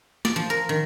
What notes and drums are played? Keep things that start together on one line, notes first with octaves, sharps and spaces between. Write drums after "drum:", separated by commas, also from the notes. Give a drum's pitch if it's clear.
D5, drum: snare
F3
A#4
D#3